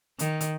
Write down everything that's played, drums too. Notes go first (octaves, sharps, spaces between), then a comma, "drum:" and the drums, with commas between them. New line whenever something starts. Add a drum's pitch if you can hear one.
D#3, drum: hi-hat
drum: hi-hat